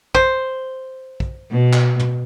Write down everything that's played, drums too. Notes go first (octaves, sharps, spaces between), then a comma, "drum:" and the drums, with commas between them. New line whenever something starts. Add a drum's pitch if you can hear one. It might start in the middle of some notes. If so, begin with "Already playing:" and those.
C5, drum: kick
drum: kick
B2
drum: clap
drum: tom